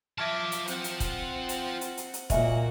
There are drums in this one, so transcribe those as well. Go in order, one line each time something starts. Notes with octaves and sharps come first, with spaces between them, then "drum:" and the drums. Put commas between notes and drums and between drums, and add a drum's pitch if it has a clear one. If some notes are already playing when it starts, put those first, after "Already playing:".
F4 E5 A5 D6 F6 G#6 A#6
drum: hi-hat
C4 F#5, drum: hi-hat
drum: hi-hat
drum: kick, hi-hat
drum: hi-hat
drum: hi-hat
drum: hi-hat
drum: hi-hat
A#2 A#3 F#4 D#5 E5 G#5, drum: kick, hi-hat